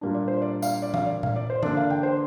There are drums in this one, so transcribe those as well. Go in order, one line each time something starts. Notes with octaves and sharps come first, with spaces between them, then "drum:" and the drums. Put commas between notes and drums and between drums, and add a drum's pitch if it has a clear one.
A#2 G3 A#3 D4
D5
C5
D5
F5, drum: tambourine
D5
F5, drum: tom E3
D5
F5, drum: tom A#2
D5
C5
D3 A#3 D4 D5, drum: tom E3
F5
G5
C5